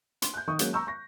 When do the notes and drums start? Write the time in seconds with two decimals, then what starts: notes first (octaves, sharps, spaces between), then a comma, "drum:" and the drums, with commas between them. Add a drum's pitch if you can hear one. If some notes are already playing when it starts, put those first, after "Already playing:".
0.22 C6, drum: hi-hat
0.34 F#6 G6
0.47 D#3 C#6 D#6
0.59 F#3 G#3 A#3 C#4, drum: hi-hat
0.73 A#5 C#6 E6 G6
0.87 C#6 A#6